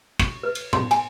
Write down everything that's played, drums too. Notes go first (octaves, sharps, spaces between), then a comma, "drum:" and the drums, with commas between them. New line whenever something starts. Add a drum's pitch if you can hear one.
C#6, drum: kick, cymbal
B4
drum: cymbal
C6, drum: tom A2
G#5, drum: cymbal